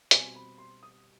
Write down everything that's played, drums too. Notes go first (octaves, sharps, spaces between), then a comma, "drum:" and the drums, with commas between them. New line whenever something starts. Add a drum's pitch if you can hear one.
B2 G3 C4 G#5, drum: hi-hat
B5
C6
D#6